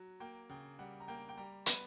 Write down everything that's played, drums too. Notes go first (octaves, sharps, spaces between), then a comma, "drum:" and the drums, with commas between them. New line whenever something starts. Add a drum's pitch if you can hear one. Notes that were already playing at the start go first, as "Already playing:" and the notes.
Already playing: F#3
A#3 G5
C#3 G5
G3 F#5
A#5
A#3 G5
G5
G3 A#5
B3 B5, drum: hi-hat